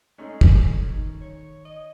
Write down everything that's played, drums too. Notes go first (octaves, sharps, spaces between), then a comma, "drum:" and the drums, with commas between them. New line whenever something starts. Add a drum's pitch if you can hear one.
G#3 A3 C#4 D#4
drum: kick
D#3
C#5
D#5